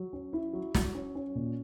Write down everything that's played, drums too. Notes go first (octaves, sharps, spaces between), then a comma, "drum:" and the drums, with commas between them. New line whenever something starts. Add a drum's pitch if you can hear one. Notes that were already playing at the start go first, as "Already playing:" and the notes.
Already playing: F#3
C#4
E4
F#3
F#3, drum: snare
C#4
C#4
A#2